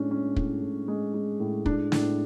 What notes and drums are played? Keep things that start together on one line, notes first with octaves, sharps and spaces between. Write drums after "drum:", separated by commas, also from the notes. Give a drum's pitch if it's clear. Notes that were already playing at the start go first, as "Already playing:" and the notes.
Already playing: A2 G#3 C#4 D4
G#3 C#4
A2, drum: kick
A2
G#3
G#3
A2
A2 D4, drum: kick
A2 D4, drum: snare